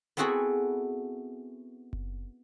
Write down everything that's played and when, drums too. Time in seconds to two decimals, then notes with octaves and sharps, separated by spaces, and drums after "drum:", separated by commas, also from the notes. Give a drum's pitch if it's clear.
0.17 B3 C4 E4 F#4 G#4 A4
1.93 drum: kick F#1